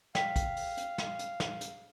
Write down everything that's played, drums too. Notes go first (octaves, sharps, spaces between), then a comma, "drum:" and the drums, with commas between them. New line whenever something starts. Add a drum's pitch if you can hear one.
F5 G5 B6, drum: snare
drum: kick, hi-hat
drum: open hi-hat
drum: hi-hat
drum: snare
drum: hi-hat
drum: snare
drum: hi-hat